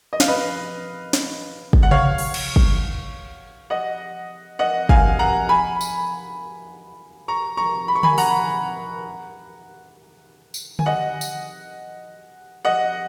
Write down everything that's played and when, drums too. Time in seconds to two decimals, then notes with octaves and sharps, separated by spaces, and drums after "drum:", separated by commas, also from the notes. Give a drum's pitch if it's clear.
0.13 D#5
0.20 F5, drum: snare
0.28 B4 D#5
1.13 drum: snare
1.73 drum: kick
1.83 F#5
1.91 C#5 F5, drum: tom C3
2.18 drum: open hi-hat
2.34 drum: cymbal
2.56 drum: kick
3.70 D#5 F#5
4.59 D#5 F#5
4.89 F5 G#5, drum: kick
5.19 F#5 A#5
5.49 G#5 B5
5.81 drum: tambourine
7.28 A#5 C#6
7.57 A#5 C#6
7.88 B5
7.95 C#6
8.03 G#5 B5, drum: tom D3
8.18 F#5 A#5, drum: open hi-hat
10.54 drum: tambourine
10.79 G#5, drum: tom D3
10.86 D#5 F#5
11.21 drum: tambourine
12.65 D#5 F#5